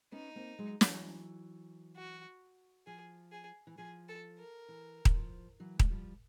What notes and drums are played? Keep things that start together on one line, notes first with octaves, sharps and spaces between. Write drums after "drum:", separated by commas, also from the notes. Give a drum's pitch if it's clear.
B3 C#4 D#4
A#3 C4
F#3 G#3
E3 F#3, drum: snare
F#4
F3 G#4
G#4
E3
F3 G#4
A4
A#4
E3
drum: kick D#1
F3
E3 F#3
G#3, drum: kick D#1
F3 G3